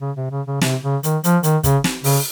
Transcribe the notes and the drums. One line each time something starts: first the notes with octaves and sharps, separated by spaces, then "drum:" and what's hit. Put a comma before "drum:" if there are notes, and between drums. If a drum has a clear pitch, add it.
C#3
C3
C#3
C#3
C3, drum: snare
C#3
D#3, drum: hi-hat
F3, drum: hi-hat
D#3, drum: hi-hat
C#3, drum: kick, hi-hat
drum: snare
C#3, drum: open hi-hat